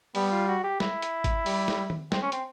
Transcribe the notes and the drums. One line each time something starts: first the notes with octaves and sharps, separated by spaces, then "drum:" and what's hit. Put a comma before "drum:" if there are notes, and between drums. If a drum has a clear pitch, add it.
G3 B3, drum: open hi-hat
F4
F#4
G4
E4, drum: snare
drum: hi-hat
drum: kick G#1, hi-hat
G3, drum: open hi-hat
drum: snare
drum: tom D#3
C4, drum: snare
C#4
C4, drum: hi-hat